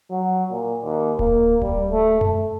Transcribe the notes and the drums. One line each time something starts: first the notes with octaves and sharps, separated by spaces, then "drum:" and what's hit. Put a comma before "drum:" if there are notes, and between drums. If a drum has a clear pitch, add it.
F#3
A#2
D#2
A#3, drum: kick D1
G3, drum: kick D1
A3
A3, drum: tom F#2